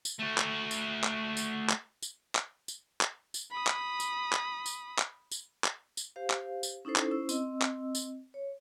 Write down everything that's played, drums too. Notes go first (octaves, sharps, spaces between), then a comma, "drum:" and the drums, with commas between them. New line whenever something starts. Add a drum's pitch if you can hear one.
drum: tambourine
A3 F#4
drum: clap
drum: tambourine
drum: clap
drum: tambourine
drum: clap
drum: tambourine
drum: clap
drum: tambourine
drum: clap
drum: tambourine
B5 D#6
drum: clap
drum: tambourine
drum: clap
drum: tambourine
drum: clap
drum: tambourine
drum: clap
drum: tambourine
G4 C5 F5
drum: clap
drum: tambourine
C#4 D#4 E4 A4 C5
drum: clap
C#4 E4 C5 E6
C4 D#5 E6, drum: tambourine
drum: clap
drum: tambourine
C#5